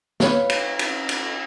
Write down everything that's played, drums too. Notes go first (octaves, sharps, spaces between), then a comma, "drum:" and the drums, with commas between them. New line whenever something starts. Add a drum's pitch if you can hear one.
B4 C#5 F5, drum: snare
drum: cymbal
drum: cymbal
drum: cymbal